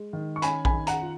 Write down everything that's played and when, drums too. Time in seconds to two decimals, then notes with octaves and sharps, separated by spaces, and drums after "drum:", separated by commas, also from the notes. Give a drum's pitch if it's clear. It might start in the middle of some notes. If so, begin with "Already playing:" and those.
Already playing: G#3
0.13 D#3
0.36 C#6
0.42 C#4 G#5 B5, drum: hi-hat
0.65 G#5 B5, drum: kick A#1
0.73 D#3
0.87 F#5 A#5, drum: hi-hat
1.02 F4